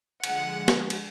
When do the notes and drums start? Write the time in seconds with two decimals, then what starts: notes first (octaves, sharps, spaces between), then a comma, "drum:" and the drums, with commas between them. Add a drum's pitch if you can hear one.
0.24 D3 F3 G#3 F#5, drum: cymbal
0.68 drum: snare
0.90 drum: cymbal